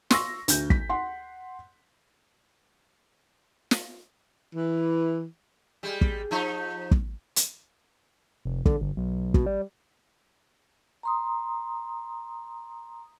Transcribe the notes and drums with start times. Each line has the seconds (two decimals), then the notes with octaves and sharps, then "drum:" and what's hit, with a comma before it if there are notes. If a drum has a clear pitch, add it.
0.10 C6 C#6 E6 A#6, drum: snare
0.48 D2 G6, drum: hi-hat
0.70 B6, drum: kick
0.90 F#5 C6
3.71 drum: snare
4.56 E3
5.83 G3 G#3
6.01 drum: kick
6.31 F3 D#4
6.91 drum: kick
7.36 drum: hi-hat
8.45 F1
8.66 D3, drum: kick
8.81 G1
8.97 B1
9.34 B2, drum: kick
9.46 G3
11.03 A#5 C6 D#6